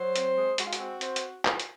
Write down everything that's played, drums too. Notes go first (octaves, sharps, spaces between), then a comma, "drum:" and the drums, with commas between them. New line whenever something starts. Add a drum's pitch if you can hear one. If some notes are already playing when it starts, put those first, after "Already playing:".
Already playing: F#3 C5
C4, drum: hi-hat
G#3
G#3 F#4, drum: hi-hat
F4
F#4, drum: hi-hat
C4
C4, drum: hi-hat
drum: hi-hat
drum: clap
drum: hi-hat